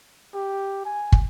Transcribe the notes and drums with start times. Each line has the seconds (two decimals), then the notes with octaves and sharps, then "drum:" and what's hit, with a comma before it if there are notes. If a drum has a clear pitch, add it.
0.34 G4
0.85 G#5
1.12 drum: kick